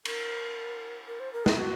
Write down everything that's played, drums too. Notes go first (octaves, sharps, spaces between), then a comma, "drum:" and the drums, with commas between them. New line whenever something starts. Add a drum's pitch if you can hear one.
A#4, drum: cymbal
A#4
C5
A#4
D#4, drum: snare
F#4